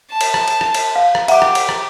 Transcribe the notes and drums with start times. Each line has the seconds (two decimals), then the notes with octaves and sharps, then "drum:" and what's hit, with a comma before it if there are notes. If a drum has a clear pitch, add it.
0.11 A5
0.21 drum: cymbal
0.34 drum: rim click
0.48 drum: cymbal
0.61 drum: rim click
0.74 drum: cymbal
0.96 F5
1.15 drum: rim click
1.28 G4 E5 F#5 A#5 D6, drum: cymbal
1.42 drum: rim click
1.55 drum: cymbal
1.69 drum: rim click